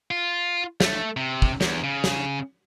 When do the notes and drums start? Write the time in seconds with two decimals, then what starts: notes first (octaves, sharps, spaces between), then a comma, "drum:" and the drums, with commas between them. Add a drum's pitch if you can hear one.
0.11 F4
0.80 A3, drum: snare
1.17 C3
1.42 drum: kick
1.61 E2, drum: snare
1.84 C#3
2.04 drum: snare